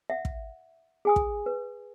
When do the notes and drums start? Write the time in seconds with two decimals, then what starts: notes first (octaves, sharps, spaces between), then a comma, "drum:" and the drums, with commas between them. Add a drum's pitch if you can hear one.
0.10 E5 F#5
0.25 drum: kick
1.05 G#4 G#5 D#6
1.16 drum: kick
1.46 B4